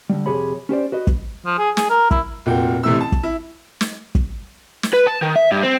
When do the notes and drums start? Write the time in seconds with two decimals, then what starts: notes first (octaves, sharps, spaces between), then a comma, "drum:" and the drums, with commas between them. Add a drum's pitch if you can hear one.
0.10 D3 G3
0.26 F2 C3 G4 G#4 C#5 B5
0.69 C#4 G4 C5 D5
0.92 F#4 B4 D#5
1.07 drum: kick
1.46 F3
1.59 G#4
1.77 G#4, drum: snare
1.90 A#4
2.11 E4, drum: kick
2.46 F1 A#2 F#4 G5
2.83 A1 C3 E3 A3 E4 E6
3.01 A5
3.12 drum: kick
3.23 E4
3.81 drum: snare
4.15 drum: kick
4.83 drum: snare
4.94 B4
5.07 A5
5.22 D#3
5.36 E5
5.52 G2
5.63 C4